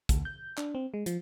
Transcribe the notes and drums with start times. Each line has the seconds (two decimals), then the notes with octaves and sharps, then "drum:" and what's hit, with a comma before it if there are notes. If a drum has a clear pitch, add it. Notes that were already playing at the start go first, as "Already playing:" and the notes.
0.09 D2, drum: kick, hi-hat
0.25 G6
0.58 D4, drum: clap
0.75 C4
0.94 G#3
1.06 F3, drum: hi-hat